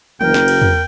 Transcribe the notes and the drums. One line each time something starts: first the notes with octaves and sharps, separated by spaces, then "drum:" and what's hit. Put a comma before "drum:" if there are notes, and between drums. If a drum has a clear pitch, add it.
F#1 A#4 G5, drum: tom D#3
drum: snare
drum: cymbal
drum: tom E2